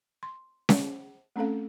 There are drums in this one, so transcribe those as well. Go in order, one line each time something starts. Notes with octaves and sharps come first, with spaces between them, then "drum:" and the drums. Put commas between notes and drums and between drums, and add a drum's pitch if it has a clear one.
C6
drum: snare C#4
A3 C4 C#4 A4 F5